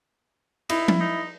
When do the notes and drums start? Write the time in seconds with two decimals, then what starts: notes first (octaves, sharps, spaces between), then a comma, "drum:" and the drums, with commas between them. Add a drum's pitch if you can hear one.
0.70 D#4 E4, drum: cymbal
0.88 drum: tom F3
1.00 D#4